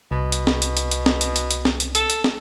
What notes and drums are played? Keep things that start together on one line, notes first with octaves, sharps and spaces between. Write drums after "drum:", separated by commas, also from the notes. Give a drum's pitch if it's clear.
C2 B2
drum: hi-hat
drum: snare
drum: hi-hat
drum: hi-hat
drum: hi-hat
drum: snare
drum: hi-hat
drum: hi-hat
drum: hi-hat
drum: snare
drum: hi-hat
A4, drum: hi-hat
drum: hi-hat
drum: snare